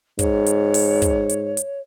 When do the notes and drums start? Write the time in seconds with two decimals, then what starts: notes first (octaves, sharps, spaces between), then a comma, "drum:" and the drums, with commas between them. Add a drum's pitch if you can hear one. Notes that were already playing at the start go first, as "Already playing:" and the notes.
0.19 G#2 C#5, drum: kick, hi-hat
0.46 drum: hi-hat
0.74 drum: open hi-hat
1.02 drum: kick, hi-hat
1.29 drum: hi-hat
1.57 drum: hi-hat